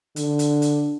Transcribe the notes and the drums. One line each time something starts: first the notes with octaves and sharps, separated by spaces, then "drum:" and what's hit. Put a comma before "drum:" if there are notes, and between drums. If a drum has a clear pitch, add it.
D3, drum: hi-hat
drum: hi-hat
drum: hi-hat